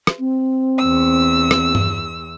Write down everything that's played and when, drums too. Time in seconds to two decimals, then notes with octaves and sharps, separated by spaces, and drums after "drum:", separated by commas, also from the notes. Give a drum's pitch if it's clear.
0.07 drum: rim click
0.19 C4
0.79 E2 E6
1.51 drum: rim click
1.75 drum: tom G2